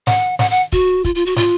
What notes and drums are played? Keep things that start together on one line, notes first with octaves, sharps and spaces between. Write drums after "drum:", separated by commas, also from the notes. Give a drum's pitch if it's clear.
F#5, drum: snare
F#5, drum: snare
F#5
F#4, drum: kick
F4, drum: kick
F4
F#4
F4, drum: snare